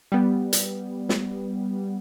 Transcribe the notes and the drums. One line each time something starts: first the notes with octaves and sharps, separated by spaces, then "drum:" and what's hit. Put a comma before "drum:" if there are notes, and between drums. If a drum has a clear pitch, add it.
G3 B3
drum: hi-hat
drum: snare